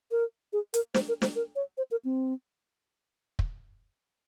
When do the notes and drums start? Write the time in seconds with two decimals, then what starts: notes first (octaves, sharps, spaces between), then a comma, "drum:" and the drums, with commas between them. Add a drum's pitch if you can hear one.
0.11 A#4
0.53 G#4
0.74 A#4, drum: hi-hat
0.94 C5, drum: snare
1.08 A#4
1.22 C5, drum: snare
1.36 A#4
1.56 C#5
1.77 C5
1.91 A#4
2.05 C4
3.39 drum: kick